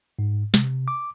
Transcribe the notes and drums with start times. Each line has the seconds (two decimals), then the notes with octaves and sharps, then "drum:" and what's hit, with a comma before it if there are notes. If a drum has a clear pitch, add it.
0.19 G#2
0.54 C3, drum: snare
0.88 D6